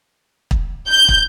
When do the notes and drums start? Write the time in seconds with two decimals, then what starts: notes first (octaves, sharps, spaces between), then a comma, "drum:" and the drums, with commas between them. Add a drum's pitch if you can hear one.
0.51 drum: kick
0.89 G6
1.08 drum: kick